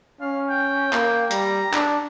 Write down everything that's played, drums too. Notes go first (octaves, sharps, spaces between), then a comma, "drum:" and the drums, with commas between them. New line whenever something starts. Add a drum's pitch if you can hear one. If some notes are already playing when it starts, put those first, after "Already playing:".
C#4 F5
G5
A#3, drum: clap
G3 A#5, drum: hi-hat
D4, drum: clap